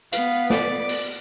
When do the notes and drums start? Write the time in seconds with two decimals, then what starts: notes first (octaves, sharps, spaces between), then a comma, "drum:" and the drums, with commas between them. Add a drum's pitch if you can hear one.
0.12 B3 F5, drum: hi-hat
0.50 D5, drum: snare
0.89 drum: open hi-hat